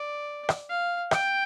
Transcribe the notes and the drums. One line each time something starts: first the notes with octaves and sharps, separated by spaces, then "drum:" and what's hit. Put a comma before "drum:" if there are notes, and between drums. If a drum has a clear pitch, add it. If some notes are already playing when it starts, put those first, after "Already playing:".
Already playing: D5
drum: rim click
F5
G5, drum: rim click